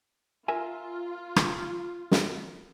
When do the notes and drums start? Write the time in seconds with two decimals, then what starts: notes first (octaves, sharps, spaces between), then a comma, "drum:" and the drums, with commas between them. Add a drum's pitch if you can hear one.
0.48 F4 A#4 E5 G#5
1.36 drum: rim click
2.11 drum: snare